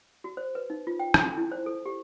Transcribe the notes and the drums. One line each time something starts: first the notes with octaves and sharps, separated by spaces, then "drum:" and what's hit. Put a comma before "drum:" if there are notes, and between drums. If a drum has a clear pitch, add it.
F#4
C5
B4
D#4
F4
G5
A4, drum: rim click
E4
C5
A4
G4